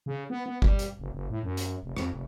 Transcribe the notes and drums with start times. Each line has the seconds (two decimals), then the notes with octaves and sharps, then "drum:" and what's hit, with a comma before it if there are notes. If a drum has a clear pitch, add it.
0.06 C#3
0.30 B3
0.46 B3
0.62 G3, drum: kick
0.79 drum: hi-hat
0.99 F#1
1.13 F#1
1.30 A2
1.43 F#2
1.57 drum: hi-hat
1.83 F1
1.97 F2, drum: rim click
2.12 F1